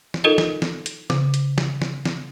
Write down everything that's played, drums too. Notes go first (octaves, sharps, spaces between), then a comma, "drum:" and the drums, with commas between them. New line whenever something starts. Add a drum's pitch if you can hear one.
drum: snare
D#4 F4 A4 A#4 D#5
drum: snare
drum: snare
drum: hi-hat
C#3, drum: snare
drum: hi-hat
drum: snare
drum: snare
drum: snare